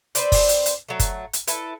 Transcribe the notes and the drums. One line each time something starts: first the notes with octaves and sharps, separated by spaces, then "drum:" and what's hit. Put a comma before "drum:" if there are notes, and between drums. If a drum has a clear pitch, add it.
C4 B4 C5 D5, drum: hi-hat
drum: kick, open hi-hat
drum: hi-hat
drum: hi-hat
F#3 A3
drum: kick, hi-hat
drum: hi-hat
E4 A4 B4, drum: hi-hat